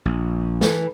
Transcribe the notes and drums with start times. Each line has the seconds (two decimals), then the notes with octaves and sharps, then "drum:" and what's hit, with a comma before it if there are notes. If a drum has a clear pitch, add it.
0.05 A#1
0.61 E3 A4, drum: snare